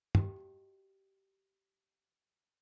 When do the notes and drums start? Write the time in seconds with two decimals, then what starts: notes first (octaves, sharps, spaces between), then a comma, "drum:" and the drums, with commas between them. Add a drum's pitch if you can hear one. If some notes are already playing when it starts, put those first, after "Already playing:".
0.15 F#4 G4 D#5 F5 G5, drum: tom